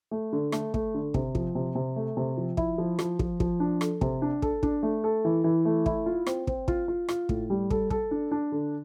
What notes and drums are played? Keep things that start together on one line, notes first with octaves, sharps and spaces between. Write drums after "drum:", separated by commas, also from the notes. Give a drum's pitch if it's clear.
A3
D3
A3, drum: rim click
A3, drum: kick
D3
C3, drum: kick
F3, drum: kick
C3
C3
A3
C3
F3
E4, drum: kick
F3
F3, drum: rim click
F3, drum: kick
F3, drum: kick
D4
A4, drum: rim click
C3, drum: kick
D4
A4, drum: kick
D4, drum: kick
A3
A4
E3
E3
A3
E4, drum: kick
F4
C4, drum: rim click
C4, drum: kick
F4, drum: kick
F4
F4, drum: rim click
A2, drum: kick
G3
A4, drum: kick
A4, drum: kick
D4
D4
D3